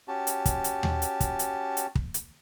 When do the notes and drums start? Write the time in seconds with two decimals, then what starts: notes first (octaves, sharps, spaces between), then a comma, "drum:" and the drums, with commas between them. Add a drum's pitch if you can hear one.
0.08 C#4 F#4 G4 A5
0.27 drum: hi-hat
0.46 drum: kick, hi-hat
0.64 drum: hi-hat
0.83 drum: tom D#2
1.02 drum: hi-hat
1.20 drum: kick, hi-hat
1.39 drum: hi-hat
1.77 drum: hi-hat
1.95 drum: kick
2.14 drum: hi-hat